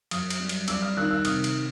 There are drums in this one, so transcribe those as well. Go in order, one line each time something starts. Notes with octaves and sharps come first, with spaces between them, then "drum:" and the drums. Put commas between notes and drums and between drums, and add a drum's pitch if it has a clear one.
F#2 D#6 F6, drum: cymbal
drum: cymbal
G3
drum: cymbal
G3 D6 E6, drum: cymbal
D#6 F6
D#3 E6 F#6
E6 F#6
C3 D#6 F6, drum: cymbal
drum: cymbal